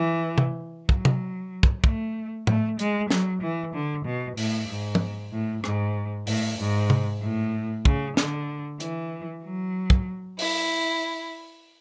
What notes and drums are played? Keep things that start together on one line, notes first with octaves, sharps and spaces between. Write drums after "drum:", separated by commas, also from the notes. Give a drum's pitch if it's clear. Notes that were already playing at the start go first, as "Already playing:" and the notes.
Already playing: E3
drum: tom C3
F#3, drum: kick
drum: tom C3
drum: kick
A3, drum: kick
A3, drum: tom A2
G#3, drum: hi-hat
F#3, drum: snare
E3
D3
B2
A2, drum: open hi-hat
G#2
drum: tom
A2
G#2, drum: rim click
A2, drum: open hi-hat
G#2
drum: tom C3
A2
C#3, drum: kick
D3, drum: snare
E3, drum: hi-hat
F#3
drum: kick
E4, drum: open hi-hat